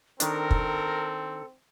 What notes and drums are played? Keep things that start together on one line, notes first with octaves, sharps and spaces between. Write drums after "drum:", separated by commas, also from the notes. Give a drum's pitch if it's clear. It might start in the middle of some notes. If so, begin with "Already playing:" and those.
D#3 C4 D4 A4 A#4, drum: hi-hat
drum: kick